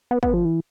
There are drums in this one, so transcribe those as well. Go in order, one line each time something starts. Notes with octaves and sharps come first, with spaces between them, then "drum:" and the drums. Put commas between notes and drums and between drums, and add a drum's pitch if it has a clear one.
B3
B3, drum: kick
F3
E3